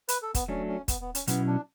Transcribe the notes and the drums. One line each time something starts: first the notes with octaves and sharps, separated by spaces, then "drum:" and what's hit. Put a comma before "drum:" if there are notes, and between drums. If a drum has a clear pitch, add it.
B4, drum: hi-hat
A4
B3, drum: kick, hi-hat
F#3 A3 C#4 D4
C#4
B3, drum: kick, hi-hat
B3
C#4, drum: hi-hat
B2 F#3 B3 C#4 E4, drum: hi-hat
D4